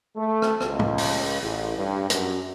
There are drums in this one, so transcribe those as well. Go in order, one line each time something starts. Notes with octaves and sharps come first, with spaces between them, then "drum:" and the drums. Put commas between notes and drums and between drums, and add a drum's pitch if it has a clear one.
A3
drum: rim click
C#2, drum: rim click
drum: tom
drum: open hi-hat
A1
G2
F#2, drum: hi-hat